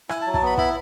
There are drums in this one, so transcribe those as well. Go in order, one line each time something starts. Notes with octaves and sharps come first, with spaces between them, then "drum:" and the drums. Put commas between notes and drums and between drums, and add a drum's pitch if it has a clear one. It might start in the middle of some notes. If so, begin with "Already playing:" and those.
E4 G#5, drum: rim click
A5
F#3
A5, drum: kick
B3 B5
E4 B5, drum: kick